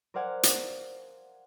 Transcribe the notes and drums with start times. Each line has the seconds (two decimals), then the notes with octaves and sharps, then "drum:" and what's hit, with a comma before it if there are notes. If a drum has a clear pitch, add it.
0.14 A#4 C5 D5 F5 F#5 G#5
0.43 drum: hi-hat